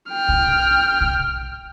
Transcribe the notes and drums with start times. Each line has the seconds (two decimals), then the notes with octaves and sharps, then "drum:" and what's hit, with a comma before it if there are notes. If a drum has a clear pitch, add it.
0.11 G5 F6
0.29 drum: kick
1.01 drum: kick